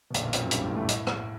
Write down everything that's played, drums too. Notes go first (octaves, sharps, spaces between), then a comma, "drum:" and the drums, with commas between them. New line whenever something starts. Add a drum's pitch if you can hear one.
B2
A#1 A#2, drum: hi-hat
B1 B2
F2 F3, drum: hi-hat
F#2 F#3
G2 G3, drum: hi-hat
A2 A3
A2 A3
A2 A3, drum: hi-hat
drum: rim click